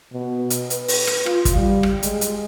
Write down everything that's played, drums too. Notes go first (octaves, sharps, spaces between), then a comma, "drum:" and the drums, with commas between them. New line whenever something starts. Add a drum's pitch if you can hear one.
B2
drum: hi-hat
B4, drum: hi-hat
drum: open hi-hat
drum: rim click
F4, drum: rim click
drum: kick, hi-hat
G3
drum: rim click
G#3, drum: hi-hat
drum: hi-hat